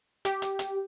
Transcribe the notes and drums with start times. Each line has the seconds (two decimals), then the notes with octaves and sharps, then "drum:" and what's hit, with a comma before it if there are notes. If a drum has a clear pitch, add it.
0.25 G4, drum: hi-hat
0.42 drum: hi-hat
0.59 drum: hi-hat